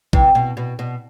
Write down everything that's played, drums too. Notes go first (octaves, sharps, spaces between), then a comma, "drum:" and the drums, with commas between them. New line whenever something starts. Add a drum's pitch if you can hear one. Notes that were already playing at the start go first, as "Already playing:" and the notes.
C3 E3, drum: kick A#1
B2
B2
B2